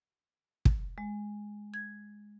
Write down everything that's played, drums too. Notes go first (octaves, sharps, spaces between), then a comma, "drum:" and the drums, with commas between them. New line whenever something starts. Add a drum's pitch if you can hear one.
drum: kick
G#3
G#6